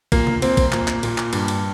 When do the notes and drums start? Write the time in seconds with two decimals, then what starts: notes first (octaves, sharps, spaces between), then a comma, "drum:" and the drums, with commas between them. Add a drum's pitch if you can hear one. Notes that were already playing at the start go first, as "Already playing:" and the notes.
0.12 A#2 A#3, drum: kick A#1, cymbal
0.27 drum: tom C3
0.42 A#3 C4, drum: cymbal
0.57 drum: kick A#1, cymbal
0.72 A#2 A#3, drum: clap
0.88 drum: clap
1.03 A#2, drum: cymbal
1.18 drum: clap
1.33 G2, drum: cymbal
1.48 drum: cymbal